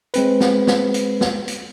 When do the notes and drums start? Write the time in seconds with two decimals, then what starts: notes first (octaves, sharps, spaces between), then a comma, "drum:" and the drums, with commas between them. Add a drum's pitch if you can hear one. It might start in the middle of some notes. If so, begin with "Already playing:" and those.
0.14 G#3 C4 B4, drum: hi-hat
0.40 drum: snare
0.67 drum: snare
0.94 drum: hi-hat
1.21 drum: snare
1.48 drum: hi-hat